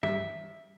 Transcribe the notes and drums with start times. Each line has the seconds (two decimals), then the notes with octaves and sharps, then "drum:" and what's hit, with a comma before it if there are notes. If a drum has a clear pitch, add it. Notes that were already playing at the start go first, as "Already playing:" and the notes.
0.03 G2 E5, drum: tom